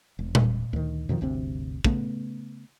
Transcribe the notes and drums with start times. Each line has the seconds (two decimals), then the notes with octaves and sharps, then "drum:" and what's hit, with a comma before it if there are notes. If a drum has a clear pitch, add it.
0.19 E1
0.35 drum: tom A#2
0.73 D2 D#3
1.09 F2 B2 D#3 F3
1.21 G1 D2 C3 C4
1.84 C#3 A3 B3, drum: kick